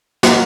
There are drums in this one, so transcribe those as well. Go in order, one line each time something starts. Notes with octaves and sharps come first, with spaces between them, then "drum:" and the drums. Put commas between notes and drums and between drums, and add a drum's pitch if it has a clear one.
F#3 A#3 D#4 F#4, drum: snare